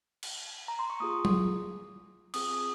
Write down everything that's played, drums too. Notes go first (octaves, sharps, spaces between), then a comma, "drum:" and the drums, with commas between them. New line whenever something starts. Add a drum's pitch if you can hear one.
drum: cymbal
A#5
C6
C#6
A#3 F4 G#4 D#6
drum: tom F#3
C4 F4 G#4 D#6, drum: cymbal
D#6